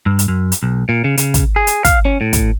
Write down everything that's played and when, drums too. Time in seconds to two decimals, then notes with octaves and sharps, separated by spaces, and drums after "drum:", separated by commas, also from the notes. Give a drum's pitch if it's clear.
0.06 G2
0.19 drum: hi-hat
0.28 F#2
0.52 drum: hi-hat
0.63 B1
0.89 A#2
1.04 C#3
1.18 C#3, drum: hi-hat
1.34 drum: kick, hi-hat
1.56 G#4
1.67 drum: hi-hat
1.85 F5, drum: kick, hi-hat
2.05 C#4
2.21 A2
2.33 drum: kick, hi-hat